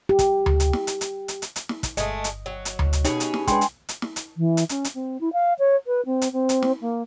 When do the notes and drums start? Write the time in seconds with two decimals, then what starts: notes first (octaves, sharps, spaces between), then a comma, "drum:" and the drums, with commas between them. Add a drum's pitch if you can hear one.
0.09 G4
0.19 drum: kick, hi-hat
0.46 drum: tom D2
0.60 drum: hi-hat
0.73 drum: snare
0.87 drum: hi-hat
1.01 drum: hi-hat
1.28 drum: hi-hat
1.42 drum: hi-hat
1.56 drum: hi-hat
1.69 drum: snare
1.83 drum: kick, hi-hat
1.97 G1 G#3 A3 D#5, drum: hi-hat
2.24 drum: hi-hat
2.46 F#3
2.65 drum: hi-hat
2.79 drum: tom D2
2.93 drum: hi-hat
3.05 B2 C#4 D#4 G4 G#4, drum: hi-hat
3.20 drum: hi-hat
3.34 drum: snare
3.47 G#3 D4 B4 G5 G#5 C6, drum: kick, hi-hat
3.61 drum: hi-hat
3.89 drum: hi-hat
4.02 drum: snare
4.16 drum: hi-hat
4.37 E3
4.57 drum: hi-hat
4.69 C#4, drum: hi-hat
4.85 drum: hi-hat
4.94 C4
5.20 E4
5.33 F5
5.58 C#5
5.86 B4
6.05 C4
6.22 drum: hi-hat
6.32 C4
6.49 drum: hi-hat
6.63 drum: snare
6.81 A#3